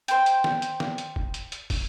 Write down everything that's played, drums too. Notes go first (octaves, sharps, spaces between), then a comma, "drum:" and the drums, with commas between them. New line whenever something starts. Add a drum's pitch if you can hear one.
C5 G5, drum: hi-hat
drum: hi-hat
drum: snare
drum: hi-hat
drum: snare
drum: hi-hat
drum: kick
drum: hi-hat
drum: hi-hat
drum: kick, open hi-hat